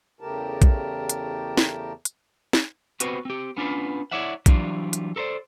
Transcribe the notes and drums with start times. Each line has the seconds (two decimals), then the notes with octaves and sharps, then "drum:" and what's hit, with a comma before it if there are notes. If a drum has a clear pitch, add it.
0.21 E2 C#3 A3 G4 A#4 A5
0.62 drum: kick A#1, hi-hat
1.10 drum: hi-hat
1.57 drum: snare
2.05 drum: hi-hat
2.53 drum: snare
3.00 B3 C4 F#4 G4 B4 C5, drum: hi-hat
3.25 C4 G4
3.57 B3 C#4 D4 F4 B4
4.11 E4 C#5 D5 E5 F#5
4.46 E3 F#3 G3 D4 F4, drum: kick A#1, hi-hat
4.93 drum: hi-hat
5.16 A4 A#4 C5 D5